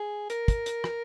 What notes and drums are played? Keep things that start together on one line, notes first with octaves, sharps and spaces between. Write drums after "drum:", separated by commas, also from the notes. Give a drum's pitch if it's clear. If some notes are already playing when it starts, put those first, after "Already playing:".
Already playing: G#4
A#4, drum: hi-hat
drum: kick, hi-hat
drum: hi-hat
drum: rim click